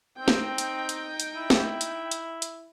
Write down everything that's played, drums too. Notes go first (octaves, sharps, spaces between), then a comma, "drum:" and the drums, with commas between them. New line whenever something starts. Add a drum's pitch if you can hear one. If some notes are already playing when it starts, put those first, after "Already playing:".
C4 D#4 G5
drum: snare
drum: hi-hat
drum: hi-hat
drum: hi-hat
E4
drum: snare
drum: hi-hat
drum: hi-hat
drum: hi-hat